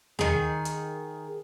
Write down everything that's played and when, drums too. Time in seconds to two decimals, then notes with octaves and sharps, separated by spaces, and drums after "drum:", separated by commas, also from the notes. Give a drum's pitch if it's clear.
0.19 D#3 G#4, drum: tom D#2
0.65 drum: hi-hat